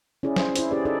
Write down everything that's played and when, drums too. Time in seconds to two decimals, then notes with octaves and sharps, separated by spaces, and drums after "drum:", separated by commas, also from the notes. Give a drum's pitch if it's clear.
0.23 C#4 E4 G#4 D5
0.36 C5, drum: snare
0.56 E4 C5, drum: hi-hat
0.71 C#4 E4 G4 G#4 B4 D5
0.85 D#4 G#4 A4 D5